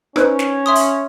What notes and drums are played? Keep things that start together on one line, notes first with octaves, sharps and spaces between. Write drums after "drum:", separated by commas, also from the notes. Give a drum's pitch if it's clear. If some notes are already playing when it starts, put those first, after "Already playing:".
C#4 D#4 B4 C5, drum: rim click
drum: snare
E5 C6 D#6
drum: open hi-hat